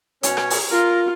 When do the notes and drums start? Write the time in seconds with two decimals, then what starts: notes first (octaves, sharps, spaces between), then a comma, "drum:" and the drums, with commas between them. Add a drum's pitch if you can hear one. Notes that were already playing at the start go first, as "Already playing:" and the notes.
0.23 B2 C#4 C#5, drum: hi-hat
0.37 drum: rim click
0.50 drum: open hi-hat
0.71 F4 A#4